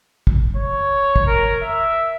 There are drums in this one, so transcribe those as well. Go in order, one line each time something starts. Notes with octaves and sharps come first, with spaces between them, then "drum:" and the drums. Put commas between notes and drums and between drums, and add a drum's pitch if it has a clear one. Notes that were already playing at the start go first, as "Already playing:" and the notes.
drum: kick
C#5
drum: kick
A#4
E5